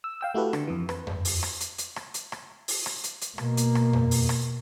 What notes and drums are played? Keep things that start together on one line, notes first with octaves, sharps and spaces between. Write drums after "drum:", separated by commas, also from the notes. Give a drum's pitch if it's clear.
E6
F5 G5 E6
A3 E4 F#4 G4 A4 B4
D3, drum: rim click
F2 E3
B4, drum: rim click
drum: tom F2
drum: open hi-hat
drum: rim click
drum: hi-hat
drum: hi-hat
drum: rim click
drum: hi-hat
drum: rim click
drum: open hi-hat
drum: rim click
drum: hi-hat
drum: hi-hat
B2 A#3, drum: rim click
drum: hi-hat
drum: rim click
drum: tom F2
drum: open hi-hat
drum: rim click